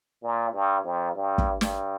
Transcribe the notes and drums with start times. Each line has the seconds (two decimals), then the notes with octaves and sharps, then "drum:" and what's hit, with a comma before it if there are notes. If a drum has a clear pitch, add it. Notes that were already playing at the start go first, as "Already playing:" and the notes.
0.23 A#2
0.53 G2
0.84 F2
1.15 G2
1.38 drum: kick
1.61 G2, drum: snare